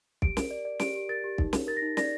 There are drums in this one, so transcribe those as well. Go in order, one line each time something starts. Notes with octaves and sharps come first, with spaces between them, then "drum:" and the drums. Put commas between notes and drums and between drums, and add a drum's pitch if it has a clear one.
G4 D7, drum: kick
A#4, drum: snare
D5
D5
G4 D7, drum: snare
G4
A#4 A6
G4
D#4, drum: kick
A#4, drum: snare
A#4 A6
A#6
D#4
D5 A#6, drum: snare